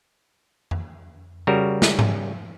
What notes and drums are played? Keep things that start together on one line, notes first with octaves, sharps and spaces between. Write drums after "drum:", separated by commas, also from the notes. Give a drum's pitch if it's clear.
drum: tom F2
C#3 G3 F#4 A#4
drum: snare
drum: tom G#2